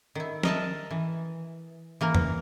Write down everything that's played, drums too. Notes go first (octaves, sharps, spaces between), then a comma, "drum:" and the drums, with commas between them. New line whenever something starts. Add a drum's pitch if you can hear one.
D#3 E4
A#4 D#5 E5 A5, drum: snare
E3
E3 A#3 A#4
drum: tom F2